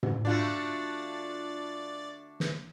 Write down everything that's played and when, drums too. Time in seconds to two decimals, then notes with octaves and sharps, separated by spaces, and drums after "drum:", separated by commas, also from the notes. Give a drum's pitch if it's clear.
0.03 drum: tom
0.25 D3 A3 D4 F4 F#4 D5
2.40 drum: snare